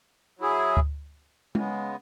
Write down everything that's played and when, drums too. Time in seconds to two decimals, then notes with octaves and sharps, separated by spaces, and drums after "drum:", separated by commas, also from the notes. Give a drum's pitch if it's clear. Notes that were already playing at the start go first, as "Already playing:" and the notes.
0.39 F#3 E4 G#4
0.77 drum: kick D2
1.55 C#3 G#3 B3, drum: tom G#3